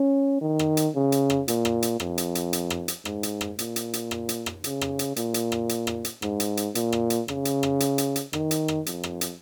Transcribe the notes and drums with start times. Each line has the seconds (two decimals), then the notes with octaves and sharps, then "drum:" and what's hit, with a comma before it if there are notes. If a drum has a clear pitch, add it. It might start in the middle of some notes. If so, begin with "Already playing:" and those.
Already playing: C#4
0.41 D#3
0.59 drum: rim click
0.77 drum: hi-hat
0.95 C#3
1.12 drum: hi-hat
1.30 drum: rim click
1.48 A#2, drum: hi-hat
1.65 drum: rim click
1.82 drum: hi-hat
2.00 F2, drum: rim click
2.18 drum: hi-hat
2.35 drum: hi-hat
2.53 drum: hi-hat
2.70 drum: rim click
2.88 drum: hi-hat
3.05 G#2, drum: rim click
3.23 drum: hi-hat
3.41 drum: rim click
3.59 A#2, drum: hi-hat
3.76 drum: hi-hat
3.93 drum: hi-hat
4.11 drum: rim click
4.29 drum: hi-hat
4.46 drum: rim click
4.64 C#3, drum: hi-hat
4.81 drum: rim click
4.99 drum: hi-hat
5.16 A#2, drum: hi-hat
5.34 drum: hi-hat
5.52 drum: rim click
5.69 drum: hi-hat
5.87 drum: rim click
6.05 drum: hi-hat
6.22 G#2, drum: rim click
6.40 drum: hi-hat
6.57 drum: hi-hat
6.75 A#2, drum: hi-hat
6.92 drum: rim click
7.10 drum: hi-hat
7.28 C#3, drum: rim click
7.45 drum: hi-hat
7.63 drum: rim click
7.80 drum: hi-hat
7.98 drum: hi-hat
8.16 drum: hi-hat
8.33 D#3, drum: rim click
8.51 drum: hi-hat
8.68 drum: rim click
8.86 F2, drum: hi-hat
9.03 drum: rim click
9.21 drum: hi-hat